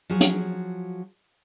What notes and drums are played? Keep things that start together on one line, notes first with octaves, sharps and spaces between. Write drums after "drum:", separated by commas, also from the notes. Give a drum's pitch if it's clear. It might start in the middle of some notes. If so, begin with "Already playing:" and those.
F3 F#3 G#4
drum: hi-hat